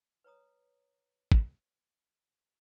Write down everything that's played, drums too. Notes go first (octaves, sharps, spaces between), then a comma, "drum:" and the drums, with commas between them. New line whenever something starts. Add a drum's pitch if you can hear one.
B4 C#5 A#5 D#6
drum: kick